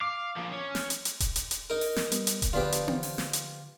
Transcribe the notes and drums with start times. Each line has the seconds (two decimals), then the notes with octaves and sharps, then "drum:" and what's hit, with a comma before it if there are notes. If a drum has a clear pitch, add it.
0.01 F5 D6
0.37 F3 A#3
0.53 C#4
0.75 drum: snare
0.90 drum: hi-hat
1.05 drum: hi-hat
1.20 drum: kick D#1, hi-hat
1.36 drum: hi-hat
1.51 drum: hi-hat
1.70 D#4 A#4
1.81 drum: open hi-hat
1.96 drum: snare
2.12 G3 B3, drum: hi-hat
2.27 drum: hi-hat
2.42 drum: kick D#1, hi-hat
2.53 D3 F3 B3 D4 F4 G4
2.72 drum: hi-hat
2.88 drum: tom B3
3.03 drum: open hi-hat
3.18 drum: snare
3.33 drum: hi-hat